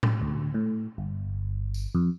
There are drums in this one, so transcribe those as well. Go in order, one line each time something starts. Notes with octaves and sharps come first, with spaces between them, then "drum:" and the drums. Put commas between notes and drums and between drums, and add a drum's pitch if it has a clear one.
drum: tom A2
D2
A2
G1
drum: tambourine
F2